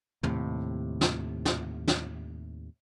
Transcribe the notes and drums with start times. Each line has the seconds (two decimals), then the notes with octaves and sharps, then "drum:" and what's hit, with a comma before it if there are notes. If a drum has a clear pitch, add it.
0.23 D#2 A2 C3, drum: tom
1.01 drum: snare
1.45 drum: snare
1.88 drum: snare